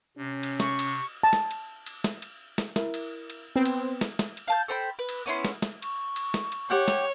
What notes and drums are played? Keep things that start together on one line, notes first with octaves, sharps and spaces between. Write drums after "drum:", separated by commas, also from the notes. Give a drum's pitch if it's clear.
C3 C#4
drum: cymbal
C#6, drum: snare
drum: cymbal
A5
drum: snare
drum: cymbal
drum: cymbal
drum: snare
drum: cymbal
drum: snare
E4 A#4, drum: snare
drum: cymbal
drum: cymbal
B3 C4
drum: cymbal
drum: snare
drum: snare
drum: cymbal
F5 A5 G6
A4 C5 G5 B5
B4
drum: cymbal
B3 C#4 E4 C6
drum: snare
drum: snare
C#6, drum: cymbal
drum: cymbal
drum: snare
drum: cymbal
G4 C#5 F#5 G5
drum: snare